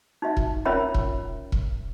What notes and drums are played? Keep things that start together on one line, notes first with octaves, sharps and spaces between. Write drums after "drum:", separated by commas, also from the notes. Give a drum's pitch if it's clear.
D#4 F#4 E5
drum: kick
C#4 F4 A#4 C#5 E5 B5
drum: kick
drum: kick